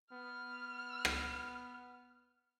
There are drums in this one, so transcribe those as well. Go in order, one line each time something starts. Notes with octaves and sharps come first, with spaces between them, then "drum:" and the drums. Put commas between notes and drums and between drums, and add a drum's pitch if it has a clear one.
B3 F6
drum: rim click